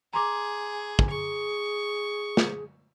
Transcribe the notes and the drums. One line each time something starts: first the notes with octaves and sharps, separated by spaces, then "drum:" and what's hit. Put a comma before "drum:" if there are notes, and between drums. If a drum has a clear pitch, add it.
G#4 A#5 C6 D6
drum: kick
G#4 C#6
drum: snare